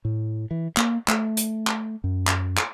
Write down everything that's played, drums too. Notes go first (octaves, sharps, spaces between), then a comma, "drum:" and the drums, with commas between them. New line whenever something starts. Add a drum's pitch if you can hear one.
A2
E3
A#3, drum: clap
A3, drum: clap
drum: hi-hat
drum: clap
F#2
drum: clap
drum: clap